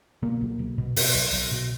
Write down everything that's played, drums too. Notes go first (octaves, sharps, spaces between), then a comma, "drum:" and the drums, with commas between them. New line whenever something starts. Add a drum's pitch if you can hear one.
B2 A#3
B1
B1
B2
B2, drum: open hi-hat
B1
B1
B2